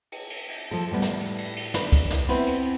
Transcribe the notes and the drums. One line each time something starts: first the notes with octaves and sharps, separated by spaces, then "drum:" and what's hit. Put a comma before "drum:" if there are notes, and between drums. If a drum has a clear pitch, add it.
drum: cymbal
drum: cymbal
drum: cymbal
F3 F4 A4
A2 G3 B3
drum: snare
drum: cymbal
drum: cymbal
drum: cymbal
D4 D#4 B4, drum: snare
drum: kick, cymbal
drum: snare
B3 C4 E4 B4, drum: cymbal
drum: cymbal